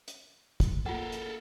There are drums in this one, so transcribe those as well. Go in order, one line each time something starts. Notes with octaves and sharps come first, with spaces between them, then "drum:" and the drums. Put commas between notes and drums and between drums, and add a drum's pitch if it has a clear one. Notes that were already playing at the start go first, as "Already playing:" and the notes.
drum: hi-hat
drum: kick, hi-hat
A#3 E4 F4 A4 A#4 F#5
drum: hi-hat